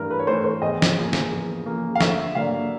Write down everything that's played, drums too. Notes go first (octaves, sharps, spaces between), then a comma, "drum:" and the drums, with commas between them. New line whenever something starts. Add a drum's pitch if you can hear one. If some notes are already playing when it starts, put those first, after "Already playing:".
Already playing: G2 E3 A3 A#4
B4
C#5
E3 A3 C5
C5
E2 D#5
drum: snare
C#3 F3 A#3
drum: snare
E2
C#3 F3 A#3
F5
D2 E5, drum: snare
D3 F#3 A#3 D4 F5